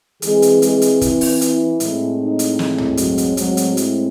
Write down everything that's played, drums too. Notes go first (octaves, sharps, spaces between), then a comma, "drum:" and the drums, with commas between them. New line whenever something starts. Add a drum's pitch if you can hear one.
E3 G#3 C4 G#4, drum: hi-hat
drum: hi-hat
G#3 G#4, drum: hi-hat
drum: hi-hat
E4, drum: kick, hi-hat
drum: open hi-hat
E4, drum: hi-hat
A2 G#3 C4, drum: hi-hat
D#4
drum: hi-hat
E4, drum: snare
drum: tom
F#3 F#4, drum: hi-hat
drum: hi-hat
A2 F#3 G#3 C4 F#4, drum: hi-hat
drum: hi-hat
E4, drum: hi-hat